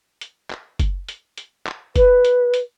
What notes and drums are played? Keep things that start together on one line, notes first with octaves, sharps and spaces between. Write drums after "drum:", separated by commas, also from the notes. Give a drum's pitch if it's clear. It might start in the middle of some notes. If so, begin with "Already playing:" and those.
drum: hi-hat
drum: clap
drum: kick F#1, hi-hat
drum: hi-hat
drum: hi-hat
drum: clap
B4, drum: kick F#1, hi-hat
drum: hi-hat
drum: hi-hat